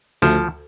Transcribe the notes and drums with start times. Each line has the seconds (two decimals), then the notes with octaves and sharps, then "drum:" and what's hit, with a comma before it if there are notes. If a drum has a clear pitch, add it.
0.22 D2 F3, drum: hi-hat